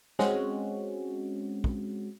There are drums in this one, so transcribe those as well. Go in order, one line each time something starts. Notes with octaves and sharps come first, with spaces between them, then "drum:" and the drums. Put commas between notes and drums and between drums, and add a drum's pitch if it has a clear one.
G#3 C4 C#4 F#4, drum: snare
drum: kick